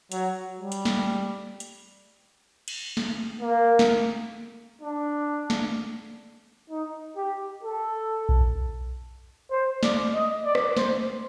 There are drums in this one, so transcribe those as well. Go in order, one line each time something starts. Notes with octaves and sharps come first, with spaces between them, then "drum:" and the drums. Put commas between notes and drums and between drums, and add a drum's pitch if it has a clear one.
F#3, drum: hi-hat
G3
drum: hi-hat
drum: snare
drum: hi-hat
drum: cymbal
drum: snare
A#3
drum: snare
D4
drum: snare
D#4
G4
A4
drum: kick B1
C5
D5, drum: snare
D#5
D5
drum: rim click
C5, drum: snare